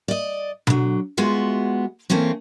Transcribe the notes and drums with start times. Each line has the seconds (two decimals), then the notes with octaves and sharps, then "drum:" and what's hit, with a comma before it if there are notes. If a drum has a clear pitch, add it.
0.08 D5 D#5
0.67 D3 F#3, drum: tom B2
1.17 G#3 B3 F4 F#4 E5
2.10 E3 A3 A#3 C4 C#4